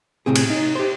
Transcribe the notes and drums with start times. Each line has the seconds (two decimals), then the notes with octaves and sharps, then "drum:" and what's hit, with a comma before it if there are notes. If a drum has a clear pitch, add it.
0.26 A2 C3 C4 G#4
0.36 drum: cymbal
0.50 D#4
0.75 G4 C5